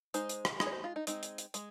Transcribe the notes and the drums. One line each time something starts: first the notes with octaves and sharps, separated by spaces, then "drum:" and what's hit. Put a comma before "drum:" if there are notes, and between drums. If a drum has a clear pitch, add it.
G#3 D#4 C5, drum: hi-hat
drum: hi-hat
drum: rim click
G#3 D#4 G#4, drum: rim click
C#5
C5
F4
D#4
G#3 C4 D#4, drum: hi-hat
drum: hi-hat
drum: hi-hat
G#3, drum: hi-hat